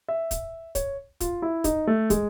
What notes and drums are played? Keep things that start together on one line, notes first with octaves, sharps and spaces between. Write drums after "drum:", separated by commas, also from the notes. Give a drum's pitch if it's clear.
E5
drum: kick, hi-hat
C#5, drum: kick, hi-hat
F4, drum: kick, hi-hat
E4
D#4, drum: kick, hi-hat
A3
G#3, drum: kick, hi-hat